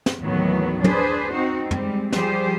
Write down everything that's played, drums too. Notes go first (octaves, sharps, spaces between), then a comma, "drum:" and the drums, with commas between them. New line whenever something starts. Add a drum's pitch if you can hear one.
drum: snare
D#2 A2 D#3 E3 F#3 B3
D4 G#4 B4 C5, drum: tom
C4 D#4 F#4
G3 G#3 C4, drum: tom
F3 G3 G4 G#4 C5, drum: snare